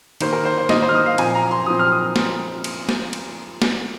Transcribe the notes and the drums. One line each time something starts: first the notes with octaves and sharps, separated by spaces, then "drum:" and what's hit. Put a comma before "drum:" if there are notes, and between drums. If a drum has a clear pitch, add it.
D#3 A#3 C5, drum: cymbal
A#4
C5
C5
D#3 A#3 D#5, drum: snare
C5
F6
D#6
F5
A#2 F3 C4 G#5, drum: cymbal
A#5
C6
A#2 F3 C4 D#6
F6
D#6
drum: snare
drum: cymbal
drum: snare
drum: cymbal
drum: snare